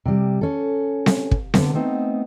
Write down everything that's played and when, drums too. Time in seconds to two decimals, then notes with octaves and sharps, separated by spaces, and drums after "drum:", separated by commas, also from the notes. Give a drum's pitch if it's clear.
0.05 C3 G3
0.41 C#4 A4
1.06 drum: snare C4
1.31 drum: kick
1.54 D3 B3, drum: snare C4
1.74 A3 B3 C4 D#4